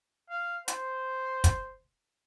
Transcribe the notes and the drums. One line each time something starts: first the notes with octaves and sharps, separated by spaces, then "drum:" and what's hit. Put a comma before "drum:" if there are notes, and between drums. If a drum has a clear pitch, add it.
F5
C5, drum: hi-hat
drum: kick, hi-hat